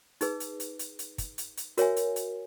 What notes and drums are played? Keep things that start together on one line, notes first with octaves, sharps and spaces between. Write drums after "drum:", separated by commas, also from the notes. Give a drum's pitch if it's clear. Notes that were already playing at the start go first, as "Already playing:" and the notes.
D#4 G#4 B4, drum: hi-hat
drum: hi-hat
drum: hi-hat
drum: hi-hat
drum: hi-hat
drum: kick, hi-hat
drum: hi-hat
drum: hi-hat
F#4 A#4 C#5 E5 G#5, drum: hi-hat
drum: hi-hat
drum: hi-hat